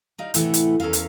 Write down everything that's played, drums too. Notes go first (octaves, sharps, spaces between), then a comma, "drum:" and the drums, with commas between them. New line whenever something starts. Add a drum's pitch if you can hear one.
G3 D#4 F5
A2 C3 E3 A3 E4 F#5, drum: hi-hat
drum: hi-hat
E2 C#4 A4 A#4 F5
drum: hi-hat